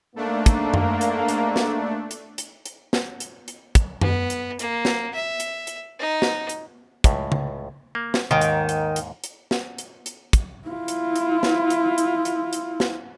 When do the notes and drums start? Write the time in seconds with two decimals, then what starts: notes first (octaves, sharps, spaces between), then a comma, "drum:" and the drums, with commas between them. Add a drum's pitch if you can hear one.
0.16 G#2 A3 A#3 D4
0.46 drum: kick, hi-hat
0.74 drum: tom F#2
1.01 drum: hi-hat
1.28 drum: hi-hat
1.56 drum: snare
2.11 drum: hi-hat
2.38 drum: hi-hat
2.66 drum: hi-hat
2.93 drum: snare
3.20 drum: hi-hat
3.48 drum: hi-hat
3.75 drum: kick, hi-hat
4.01 B3, drum: tom F#2
4.30 drum: hi-hat
4.59 A#3, drum: hi-hat
4.85 drum: snare
5.14 E5
5.40 drum: hi-hat
5.67 drum: hi-hat
5.99 D#4
6.22 drum: snare
6.49 drum: hi-hat
7.04 C#2 A2, drum: kick, hi-hat
7.32 drum: tom C#3
7.95 A#3
8.14 drum: snare
8.31 D#2 G#2 D#3 G5
8.41 drum: hi-hat
8.69 drum: hi-hat
8.96 drum: hi-hat
9.24 drum: hi-hat
9.51 drum: snare
9.78 drum: hi-hat
10.06 drum: hi-hat
10.33 drum: kick, hi-hat
10.68 E4 F4
10.88 drum: hi-hat
11.16 drum: hi-hat
11.43 drum: snare
11.70 drum: hi-hat
11.98 drum: hi-hat
12.25 drum: hi-hat
12.53 drum: hi-hat
12.80 drum: snare